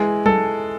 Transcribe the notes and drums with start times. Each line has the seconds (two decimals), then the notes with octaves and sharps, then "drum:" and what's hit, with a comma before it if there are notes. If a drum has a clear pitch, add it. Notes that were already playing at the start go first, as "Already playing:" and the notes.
Already playing: E3 G#3
0.26 A4, drum: tom F#3